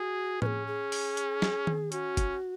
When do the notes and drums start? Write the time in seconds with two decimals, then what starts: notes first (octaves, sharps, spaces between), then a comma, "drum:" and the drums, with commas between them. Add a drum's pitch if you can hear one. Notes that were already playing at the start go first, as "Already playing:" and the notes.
Already playing: F#4 G#4
0.42 C#4 G#4 B4, drum: tom A2
0.67 G#4
0.92 drum: open hi-hat
1.17 drum: hi-hat
1.42 drum: snare
1.67 drum: tom D#3
1.92 C#4 F#4, drum: hi-hat
2.17 drum: kick, hi-hat